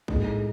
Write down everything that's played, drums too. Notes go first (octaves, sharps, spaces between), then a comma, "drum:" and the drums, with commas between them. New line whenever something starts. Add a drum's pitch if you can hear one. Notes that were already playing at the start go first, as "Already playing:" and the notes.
A2 G#3 D#4 G#4, drum: kick A#1